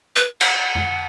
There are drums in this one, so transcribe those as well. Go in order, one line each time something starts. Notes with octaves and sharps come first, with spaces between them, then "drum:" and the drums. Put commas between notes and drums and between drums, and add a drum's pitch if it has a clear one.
B4
F#5, drum: cymbal
drum: tom F2